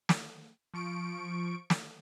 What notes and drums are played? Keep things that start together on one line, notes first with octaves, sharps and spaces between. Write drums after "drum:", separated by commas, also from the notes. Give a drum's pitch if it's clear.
drum: snare
F3 C#6 D7
drum: snare